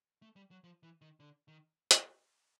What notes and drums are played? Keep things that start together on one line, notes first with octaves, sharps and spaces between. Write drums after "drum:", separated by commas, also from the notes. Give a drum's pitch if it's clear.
A3
G3
F#3
F3
E3
D#3
D3
D#3
drum: hi-hat